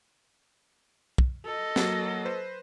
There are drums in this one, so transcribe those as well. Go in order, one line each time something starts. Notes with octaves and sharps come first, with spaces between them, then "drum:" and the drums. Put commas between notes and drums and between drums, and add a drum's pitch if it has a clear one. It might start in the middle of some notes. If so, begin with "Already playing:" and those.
drum: kick
A4 D#5
F#3 A#3 A#6, drum: snare
B4 C5